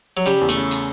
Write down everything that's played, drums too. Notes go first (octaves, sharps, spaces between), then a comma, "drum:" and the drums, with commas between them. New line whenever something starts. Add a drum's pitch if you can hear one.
F#3
C#3 G3, drum: hi-hat
E2
A3, drum: hi-hat
C#3
drum: hi-hat